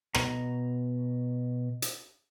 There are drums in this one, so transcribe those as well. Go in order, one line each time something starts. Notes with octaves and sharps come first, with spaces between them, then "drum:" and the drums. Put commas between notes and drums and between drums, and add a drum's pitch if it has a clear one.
B2 A#5, drum: rim click
drum: hi-hat